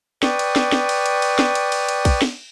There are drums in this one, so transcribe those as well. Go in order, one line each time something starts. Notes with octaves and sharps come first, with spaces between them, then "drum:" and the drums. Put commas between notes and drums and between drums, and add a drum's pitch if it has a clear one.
B4 D5 G5 C#6 D#6, drum: snare
drum: cymbal
drum: snare
drum: snare
drum: cymbal
drum: cymbal
drum: cymbal
drum: snare
drum: cymbal
drum: cymbal
drum: cymbal
drum: kick, cymbal
drum: snare